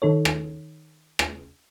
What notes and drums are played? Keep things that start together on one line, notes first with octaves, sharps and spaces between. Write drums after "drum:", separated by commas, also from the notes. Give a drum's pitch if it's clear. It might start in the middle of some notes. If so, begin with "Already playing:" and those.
D#3 D#4 A4 C#5
drum: rim click
drum: rim click